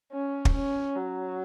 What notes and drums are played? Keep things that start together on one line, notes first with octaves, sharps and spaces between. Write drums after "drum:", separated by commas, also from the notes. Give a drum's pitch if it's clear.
C#4
drum: kick
C#4
F#3